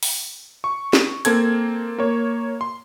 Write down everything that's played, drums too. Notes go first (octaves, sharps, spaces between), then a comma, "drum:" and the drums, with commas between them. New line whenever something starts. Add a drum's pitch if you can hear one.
drum: open hi-hat
C#6
drum: snare
A#3 C4 A4 G#6, drum: hi-hat
A#3 C#5
C6